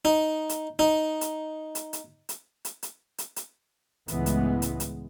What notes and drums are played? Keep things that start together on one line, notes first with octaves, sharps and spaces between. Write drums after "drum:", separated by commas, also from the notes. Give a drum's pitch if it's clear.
D#4
drum: hi-hat
D#4
drum: hi-hat
drum: hi-hat
drum: hi-hat
drum: hi-hat
drum: hi-hat
drum: hi-hat
drum: hi-hat
drum: hi-hat
C#2 A2 E3 G#3 B3, drum: hi-hat
drum: hi-hat
drum: hi-hat
drum: hi-hat